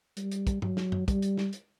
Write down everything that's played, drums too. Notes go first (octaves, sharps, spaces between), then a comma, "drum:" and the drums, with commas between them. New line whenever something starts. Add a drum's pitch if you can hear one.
G3, drum: hi-hat
drum: hi-hat
drum: kick, hi-hat
F#3, drum: tom G2
drum: snare
drum: tom F#2
G3, drum: kick, hi-hat
drum: hi-hat
drum: snare
drum: hi-hat